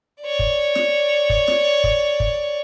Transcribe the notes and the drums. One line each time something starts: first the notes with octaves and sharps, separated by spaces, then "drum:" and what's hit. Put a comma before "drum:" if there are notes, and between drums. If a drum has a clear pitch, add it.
C#5 D5
drum: kick
drum: snare
drum: kick
drum: snare
drum: kick
drum: kick